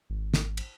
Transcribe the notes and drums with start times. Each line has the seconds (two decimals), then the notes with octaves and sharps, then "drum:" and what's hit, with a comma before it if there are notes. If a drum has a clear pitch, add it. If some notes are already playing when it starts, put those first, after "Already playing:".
0.10 G#1
0.34 drum: snare
0.57 drum: cymbal